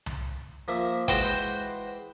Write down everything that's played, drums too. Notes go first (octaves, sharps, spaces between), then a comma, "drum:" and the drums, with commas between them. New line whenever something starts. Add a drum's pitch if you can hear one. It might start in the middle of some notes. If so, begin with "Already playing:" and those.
drum: tom C2
F3 A#3 E5
E3 G#3 F#4 C5 G5, drum: kick